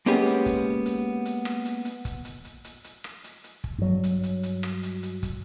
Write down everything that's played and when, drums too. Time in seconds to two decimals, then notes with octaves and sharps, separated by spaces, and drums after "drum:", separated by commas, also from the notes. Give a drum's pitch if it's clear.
0.06 G#3 A#3 B3 C#4 G4, drum: hi-hat
0.26 drum: hi-hat
0.46 drum: kick, hi-hat
0.86 drum: hi-hat
1.25 drum: hi-hat
1.45 drum: rim click
1.65 drum: hi-hat
1.85 drum: hi-hat
2.05 drum: kick, hi-hat
2.25 drum: hi-hat
2.45 drum: hi-hat
2.64 drum: hi-hat
2.84 drum: hi-hat
3.04 drum: rim click
3.24 drum: hi-hat
3.44 drum: hi-hat
3.64 drum: kick
3.78 G2 F#3
4.03 drum: hi-hat
4.23 drum: hi-hat
4.43 drum: hi-hat
4.63 drum: rim click
4.83 drum: hi-hat
5.03 drum: hi-hat
5.23 drum: kick, hi-hat